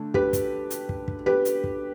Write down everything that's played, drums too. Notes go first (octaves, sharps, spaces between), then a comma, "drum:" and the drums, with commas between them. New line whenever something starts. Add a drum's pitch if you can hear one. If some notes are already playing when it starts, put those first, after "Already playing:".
Already playing: D3 A3 D4
G4 B4, drum: kick
drum: kick, hi-hat
drum: hi-hat
drum: kick
drum: kick
G4 B4
drum: hi-hat
drum: kick